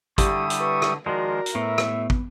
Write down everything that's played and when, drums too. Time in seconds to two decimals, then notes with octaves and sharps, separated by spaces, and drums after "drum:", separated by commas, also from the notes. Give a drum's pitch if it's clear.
0.18 D3 G3 E4 G4 C#6 D#6, drum: kick, hi-hat
0.50 drum: hi-hat
0.60 B4 C#6
0.82 drum: rim click
1.06 D#3 F3 G#3 F#4 A#4 D5
1.46 drum: hi-hat
1.55 A2 B3 E5
1.78 drum: rim click
2.10 drum: kick